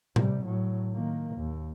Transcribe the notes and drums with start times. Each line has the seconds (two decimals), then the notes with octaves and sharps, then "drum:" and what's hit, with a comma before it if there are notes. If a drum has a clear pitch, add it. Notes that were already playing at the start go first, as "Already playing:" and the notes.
0.16 C3 G3, drum: tom A2
0.45 A2 F#3
0.94 D#3 A#3
1.36 D#2